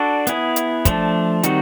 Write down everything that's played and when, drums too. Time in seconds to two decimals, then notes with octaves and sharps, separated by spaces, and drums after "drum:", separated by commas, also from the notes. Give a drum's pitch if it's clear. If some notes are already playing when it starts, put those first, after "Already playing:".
Already playing: D4 F#4 A4 D5
0.27 B3 E4 G#4, drum: hi-hat
0.56 drum: hi-hat
0.85 F3 A3 D4, drum: kick, hi-hat
1.43 D#3 G3 C4 D#4 F#4, drum: hi-hat